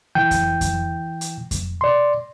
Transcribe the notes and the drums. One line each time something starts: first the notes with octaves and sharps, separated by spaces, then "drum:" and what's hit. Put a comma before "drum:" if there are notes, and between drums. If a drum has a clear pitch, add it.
E3 G5 G6
drum: kick F2, hi-hat
drum: kick F2, hi-hat
drum: hi-hat
drum: kick F2, hi-hat
D5 C6